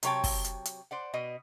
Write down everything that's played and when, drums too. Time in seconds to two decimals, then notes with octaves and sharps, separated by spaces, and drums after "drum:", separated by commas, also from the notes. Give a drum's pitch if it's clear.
0.03 C3 F#3 C#5 G5 A5, drum: hi-hat
0.24 drum: kick, open hi-hat
0.45 drum: hi-hat
0.65 drum: hi-hat
0.91 C5 D5 F#5
1.14 B2 D#5